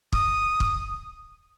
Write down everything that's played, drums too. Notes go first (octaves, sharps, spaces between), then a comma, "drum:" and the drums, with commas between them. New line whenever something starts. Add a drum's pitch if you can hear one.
D#6, drum: kick
drum: kick